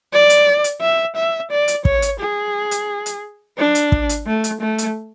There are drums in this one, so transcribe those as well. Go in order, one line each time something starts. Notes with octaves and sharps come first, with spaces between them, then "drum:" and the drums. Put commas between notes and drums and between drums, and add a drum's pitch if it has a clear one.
D5
drum: hi-hat
drum: hi-hat
E5
E5
D5
drum: hi-hat
C#5, drum: kick
drum: hi-hat
G#4
drum: hi-hat
drum: hi-hat
D4
drum: hi-hat
drum: kick
drum: hi-hat
A3
drum: hi-hat
A3
drum: hi-hat